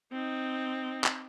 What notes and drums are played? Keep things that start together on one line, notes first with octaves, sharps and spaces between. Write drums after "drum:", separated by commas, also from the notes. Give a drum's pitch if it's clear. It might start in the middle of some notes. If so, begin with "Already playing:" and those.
C4 D#4
drum: clap